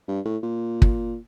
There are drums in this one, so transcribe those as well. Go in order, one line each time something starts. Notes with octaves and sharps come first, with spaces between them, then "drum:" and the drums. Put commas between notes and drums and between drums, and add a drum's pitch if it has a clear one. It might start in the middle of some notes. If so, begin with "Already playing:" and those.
G2
A2
A#2
drum: kick